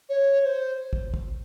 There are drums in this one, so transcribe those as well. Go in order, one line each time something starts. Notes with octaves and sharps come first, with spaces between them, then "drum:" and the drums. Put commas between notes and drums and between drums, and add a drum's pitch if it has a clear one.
C#5
C#5
C5
drum: kick
drum: kick